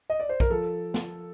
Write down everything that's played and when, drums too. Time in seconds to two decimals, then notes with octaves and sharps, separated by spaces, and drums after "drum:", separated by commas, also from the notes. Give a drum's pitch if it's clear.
0.10 D#5
0.20 D5
0.29 C5
0.40 A#4, drum: kick
0.50 F3 A4
0.94 drum: snare